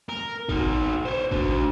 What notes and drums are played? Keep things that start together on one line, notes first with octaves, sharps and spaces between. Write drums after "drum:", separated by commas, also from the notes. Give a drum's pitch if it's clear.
A#4
D#4 F#4, drum: kick
C5 C#5
D4 F#4, drum: kick